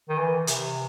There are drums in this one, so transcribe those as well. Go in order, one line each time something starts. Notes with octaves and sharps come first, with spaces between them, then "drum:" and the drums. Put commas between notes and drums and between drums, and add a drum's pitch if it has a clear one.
D#3
E3
C3, drum: hi-hat